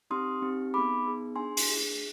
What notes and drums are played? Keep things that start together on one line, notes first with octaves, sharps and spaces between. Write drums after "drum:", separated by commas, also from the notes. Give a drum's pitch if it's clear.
C4 D#4 G4 C6 D#6
C4 D#4 G4
B3 D#4 G#4 B5 D6
B3 D#4 G#4
D4 G#4 G#5 C6
drum: open hi-hat
D4 G#4